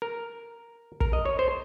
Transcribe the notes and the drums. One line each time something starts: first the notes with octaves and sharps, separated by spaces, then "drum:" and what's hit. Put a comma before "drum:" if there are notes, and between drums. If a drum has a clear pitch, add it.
A#4
A#4, drum: kick
D#5
C#5
C5